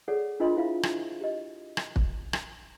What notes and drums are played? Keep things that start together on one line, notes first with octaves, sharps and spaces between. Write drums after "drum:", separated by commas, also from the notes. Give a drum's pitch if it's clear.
G#4 A4 C#5 D5 F#5
D4 F4 A#4 D#5 B5 C6
E4 C5 E5 F5
drum: rim click
G4 D#5
drum: rim click
drum: kick
drum: rim click